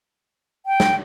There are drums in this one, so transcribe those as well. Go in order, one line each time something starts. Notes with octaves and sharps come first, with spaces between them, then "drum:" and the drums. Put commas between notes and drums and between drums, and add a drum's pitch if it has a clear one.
G5
drum: snare